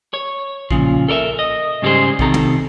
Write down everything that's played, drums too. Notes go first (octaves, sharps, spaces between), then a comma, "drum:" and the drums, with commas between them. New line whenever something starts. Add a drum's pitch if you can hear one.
C#5
A#2 C#3 F3, drum: kick
A4 A#4 D5 E5
D#5
G#2 C#3 G3 G4 G#4 C5
C3 D#3 C4 A4 A#5, drum: kick
drum: tom